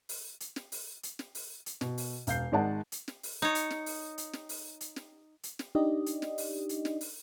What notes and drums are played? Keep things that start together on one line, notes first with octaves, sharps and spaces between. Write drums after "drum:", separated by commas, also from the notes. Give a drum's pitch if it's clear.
drum: open hi-hat
drum: hi-hat
drum: snare
drum: open hi-hat
drum: hi-hat
drum: snare
drum: open hi-hat
drum: hi-hat
B2, drum: snare
drum: open hi-hat
E1 F5 G6 C7, drum: hi-hat
G#1 D#3 G#3 D5 F#5 A5
drum: hi-hat
drum: snare
drum: open hi-hat
D#4 C#5
drum: hi-hat
drum: snare
drum: open hi-hat
drum: hi-hat
drum: snare
drum: open hi-hat
drum: hi-hat
drum: snare
drum: hi-hat
drum: snare
D4 D#4 G4 D5 D#5
drum: hi-hat
drum: snare
drum: open hi-hat
drum: hi-hat
drum: snare
drum: open hi-hat